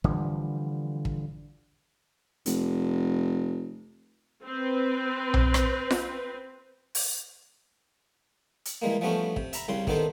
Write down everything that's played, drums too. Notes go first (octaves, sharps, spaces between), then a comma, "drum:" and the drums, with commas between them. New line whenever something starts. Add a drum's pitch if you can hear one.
D3 E3 F3 G3, drum: kick
drum: kick
F1, drum: hi-hat
C4 B4
drum: tom B1
drum: rim click
drum: snare F4
drum: open hi-hat
drum: hi-hat
E3 G3 G#3 A#3
F3 G3 A3 B3 C#4 D4
C3, drum: kick
E5 A#5 B5, drum: hi-hat
C2 C#3 G3 C6
C3 D#3 B3 D4 A4 C5, drum: kick